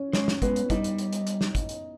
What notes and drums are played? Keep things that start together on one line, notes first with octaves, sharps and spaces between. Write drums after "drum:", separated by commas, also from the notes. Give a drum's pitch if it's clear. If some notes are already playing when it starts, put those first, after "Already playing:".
Already playing: C#4 C#5
G#3 C#4 C#5, drum: snare
drum: snare
G#3 B3 B4, drum: kick, hi-hat
drum: hi-hat
G3 D#4 D#5, drum: kick, hi-hat
drum: hi-hat
drum: hi-hat
drum: hi-hat
drum: hi-hat
drum: snare
drum: kick, hi-hat
drum: hi-hat